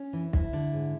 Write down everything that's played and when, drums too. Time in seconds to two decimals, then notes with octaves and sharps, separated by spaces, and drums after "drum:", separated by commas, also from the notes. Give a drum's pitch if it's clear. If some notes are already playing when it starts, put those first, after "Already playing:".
Already playing: C#4
0.13 E3
0.33 D2 E4, drum: kick
0.53 D3
0.73 G#2